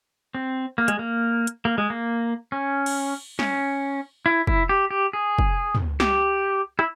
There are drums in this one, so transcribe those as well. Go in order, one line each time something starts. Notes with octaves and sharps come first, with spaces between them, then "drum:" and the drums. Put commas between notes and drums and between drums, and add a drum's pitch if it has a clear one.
C4
A#3
G#3, drum: hi-hat
A#3
drum: hi-hat
A#3
G#3
A#3
C#4
drum: cymbal
C#4, drum: snare
E4
E4, drum: kick
G4
G4
G#4
drum: kick
drum: tom
G4, drum: snare
E4, drum: rim click